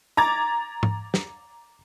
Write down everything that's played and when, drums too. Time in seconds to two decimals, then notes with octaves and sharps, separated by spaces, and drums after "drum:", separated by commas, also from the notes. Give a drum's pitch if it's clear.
0.17 A#5 D6 G#6 A6
0.83 drum: tom G#2
1.14 drum: snare